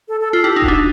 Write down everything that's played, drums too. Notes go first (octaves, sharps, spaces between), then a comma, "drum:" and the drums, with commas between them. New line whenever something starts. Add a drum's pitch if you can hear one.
A4
A4
F4 A4
E4 G4
D#4
F#4, drum: kick D#1
D4